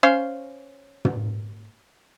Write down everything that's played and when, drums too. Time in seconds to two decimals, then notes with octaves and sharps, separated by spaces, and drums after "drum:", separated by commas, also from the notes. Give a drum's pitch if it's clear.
0.03 C#4 C5 F5
1.05 drum: tom